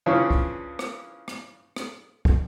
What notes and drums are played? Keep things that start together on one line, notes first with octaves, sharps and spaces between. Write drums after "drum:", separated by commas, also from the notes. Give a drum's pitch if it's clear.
C#3 E3 F3 C#4 D4
drum: kick
drum: rim click
drum: rim click
drum: rim click
drum: kick